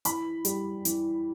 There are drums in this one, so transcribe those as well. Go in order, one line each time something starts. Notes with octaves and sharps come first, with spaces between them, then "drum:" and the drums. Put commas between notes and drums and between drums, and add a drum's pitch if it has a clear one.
E3 B5, drum: hi-hat
G3, drum: hi-hat
E3, drum: hi-hat